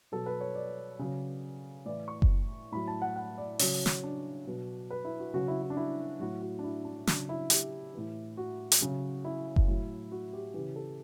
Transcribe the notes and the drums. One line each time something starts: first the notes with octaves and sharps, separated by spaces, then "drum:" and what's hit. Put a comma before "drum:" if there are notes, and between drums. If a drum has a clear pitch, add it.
B2 F#3 A4
B4
C#5
D5
C#3 F#3
A2 E3 D5
C#6
drum: kick F#1
A2 F#3 B5
A5
F#5
F#5
D5
C#3 F#3 C#5, drum: open hi-hat
drum: snare
D4
B2 F#3
B4
E4
F#4
C#3 F#3 F#4
E4
E4
D4
E4
A2 F#3 F#4
F#4
D4
E4
D4
C#3 F#3 D4, drum: snare
E4
G4, drum: hi-hat
A2 E3
F#4
drum: hi-hat
C#3 F#3
E4
drum: kick F#1
A2 F#3
F#4
G4
C#3 E3 G4
A4